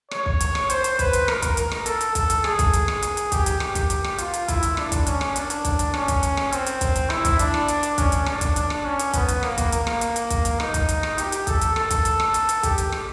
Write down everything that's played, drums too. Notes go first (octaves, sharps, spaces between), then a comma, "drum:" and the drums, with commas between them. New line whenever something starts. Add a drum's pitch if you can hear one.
C#5, drum: rim click
drum: kick
drum: hi-hat
drum: rim click
C5, drum: hi-hat
drum: hi-hat
B4, drum: kick, hi-hat
drum: hi-hat
A#4, drum: rim click
drum: kick, hi-hat
A#4, drum: hi-hat
drum: rim click
A4, drum: hi-hat
drum: hi-hat
A4, drum: kick, hi-hat
drum: hi-hat
G#4, drum: rim click
drum: kick, hi-hat
drum: hi-hat
drum: rim click
drum: hi-hat
drum: hi-hat
G4, drum: kick, hi-hat
drum: hi-hat
G4, drum: rim click
drum: kick, hi-hat
drum: hi-hat
drum: rim click
F4, drum: hi-hat
drum: hi-hat
E4, drum: kick, hi-hat
drum: hi-hat
D4, drum: rim click
drum: kick, hi-hat
C#4, drum: hi-hat
drum: rim click
D4, drum: hi-hat
drum: hi-hat
drum: kick, hi-hat
drum: hi-hat
C#4, drum: rim click
drum: kick, hi-hat
drum: hi-hat
drum: rim click
C4, drum: hi-hat
drum: hi-hat
drum: kick, hi-hat
drum: hi-hat
E4, drum: rim click
drum: kick, hi-hat
D4, drum: hi-hat
drum: rim click
drum: hi-hat
drum: hi-hat
C#4, drum: kick, hi-hat
drum: hi-hat
D4, drum: rim click
drum: kick, hi-hat
D4, drum: hi-hat
drum: rim click
C#4
drum: hi-hat
B3, drum: kick, hi-hat
drum: hi-hat
A#3, drum: rim click
drum: kick, hi-hat
A#3, drum: hi-hat
drum: rim click
drum: hi-hat
drum: hi-hat
drum: kick, hi-hat
drum: hi-hat
D#4, drum: rim click
drum: kick, hi-hat
drum: hi-hat
drum: rim click
G4, drum: hi-hat
drum: hi-hat
A4, drum: kick, hi-hat
drum: hi-hat
A4, drum: rim click
drum: kick, hi-hat
drum: hi-hat
drum: rim click
drum: hi-hat
drum: hi-hat
G4, drum: kick, hi-hat
drum: hi-hat
drum: rim click